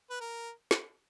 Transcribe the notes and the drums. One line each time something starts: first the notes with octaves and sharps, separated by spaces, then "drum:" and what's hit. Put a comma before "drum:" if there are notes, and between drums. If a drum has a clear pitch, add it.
B4
A#4
drum: snare